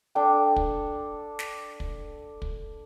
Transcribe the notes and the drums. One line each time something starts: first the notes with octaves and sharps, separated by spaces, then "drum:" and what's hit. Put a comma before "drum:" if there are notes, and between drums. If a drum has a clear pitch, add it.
D4 A4 G5 D6
drum: kick
drum: snare
drum: kick
drum: kick